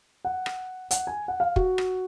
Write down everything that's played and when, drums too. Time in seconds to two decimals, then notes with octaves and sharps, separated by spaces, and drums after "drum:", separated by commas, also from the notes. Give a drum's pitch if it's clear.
0.25 F#5
0.46 drum: rim click
0.91 F#5, drum: hi-hat
1.07 G#5
1.28 F#5
1.40 F5
1.56 F#4, drum: kick
1.78 drum: rim click